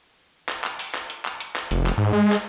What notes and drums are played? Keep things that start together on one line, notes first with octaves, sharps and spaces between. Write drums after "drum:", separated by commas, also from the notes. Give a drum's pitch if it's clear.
drum: clap
drum: clap
drum: open hi-hat
drum: clap
drum: hi-hat
drum: clap
drum: hi-hat
drum: clap
F1, drum: hi-hat
drum: clap
G#2
G#3
drum: clap